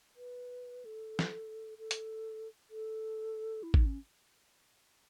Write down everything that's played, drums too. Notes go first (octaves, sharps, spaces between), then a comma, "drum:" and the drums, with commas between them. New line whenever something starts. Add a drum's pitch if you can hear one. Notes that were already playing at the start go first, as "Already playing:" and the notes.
B4
A4
drum: snare
A4
drum: hi-hat
A4
E4
D#4, drum: kick G#1
C#4